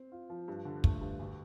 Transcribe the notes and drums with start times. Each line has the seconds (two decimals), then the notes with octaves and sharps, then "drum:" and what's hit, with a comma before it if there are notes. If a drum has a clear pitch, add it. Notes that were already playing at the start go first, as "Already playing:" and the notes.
Already playing: C4 C5
0.12 F4
0.30 F3
0.48 G2
0.65 D3
0.84 A3, drum: kick
1.01 G2
1.19 D2